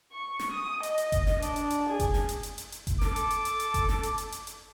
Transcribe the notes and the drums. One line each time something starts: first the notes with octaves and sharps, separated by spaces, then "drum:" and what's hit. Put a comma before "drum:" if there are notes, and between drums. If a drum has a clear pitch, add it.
C#6
drum: snare
D#6
D#5, drum: hi-hat
drum: hi-hat
drum: kick F#1, hi-hat
drum: snare
D4, drum: hi-hat
drum: hi-hat
drum: hi-hat
G#4
drum: kick F#1, hi-hat
drum: snare
drum: hi-hat
drum: hi-hat
drum: hi-hat
drum: hi-hat
drum: kick F#1, hi-hat
A4 D6, drum: snare
drum: hi-hat
drum: hi-hat
drum: hi-hat
drum: hi-hat
drum: kick F#1, hi-hat
drum: snare
drum: hi-hat
drum: hi-hat
drum: hi-hat
drum: hi-hat